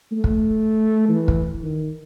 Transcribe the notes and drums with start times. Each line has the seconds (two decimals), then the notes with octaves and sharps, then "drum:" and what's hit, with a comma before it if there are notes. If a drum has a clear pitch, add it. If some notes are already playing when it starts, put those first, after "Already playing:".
0.12 A3
0.24 drum: kick
1.09 E3
1.28 drum: kick
1.63 D#3